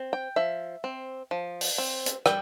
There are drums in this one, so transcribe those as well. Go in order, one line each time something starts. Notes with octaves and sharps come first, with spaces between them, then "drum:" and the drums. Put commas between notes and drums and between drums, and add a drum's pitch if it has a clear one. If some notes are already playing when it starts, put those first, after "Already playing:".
Already playing: C4
G5
F3 E5
C4
F3
drum: open hi-hat
C4
drum: hi-hat
G3 G5, drum: rim click